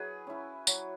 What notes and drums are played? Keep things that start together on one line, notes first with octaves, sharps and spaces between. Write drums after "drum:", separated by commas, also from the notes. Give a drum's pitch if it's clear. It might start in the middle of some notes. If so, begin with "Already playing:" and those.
Already playing: F#3 E4 F#4 G#4 B4
C#4 E4
F#3, drum: tambourine